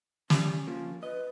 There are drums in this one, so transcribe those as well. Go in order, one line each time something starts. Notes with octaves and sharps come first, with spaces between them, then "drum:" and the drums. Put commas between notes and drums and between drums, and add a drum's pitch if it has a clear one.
G3 C#4, drum: snare
F3 A#3
B4 D#5